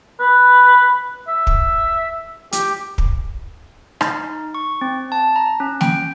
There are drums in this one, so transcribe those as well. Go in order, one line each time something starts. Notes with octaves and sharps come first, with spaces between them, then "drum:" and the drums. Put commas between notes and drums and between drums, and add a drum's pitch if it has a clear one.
B4
E5
drum: kick
G4, drum: hi-hat
drum: kick
D#4, drum: rim click
C#6
C4
A5
A#5
C#4
G5, drum: snare